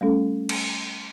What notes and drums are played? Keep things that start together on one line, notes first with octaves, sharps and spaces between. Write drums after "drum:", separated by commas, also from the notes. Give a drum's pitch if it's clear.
G3 A3 C#4 A4
drum: cymbal